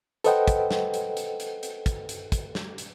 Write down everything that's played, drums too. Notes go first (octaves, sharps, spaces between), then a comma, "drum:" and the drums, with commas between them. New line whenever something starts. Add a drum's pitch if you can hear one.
A4 B4 C5 D#5 F#5 G5, drum: hi-hat
drum: kick, hi-hat
drum: snare
drum: hi-hat
drum: hi-hat
drum: hi-hat
drum: hi-hat
drum: kick, hi-hat
drum: hi-hat
drum: kick, hi-hat
drum: snare
drum: hi-hat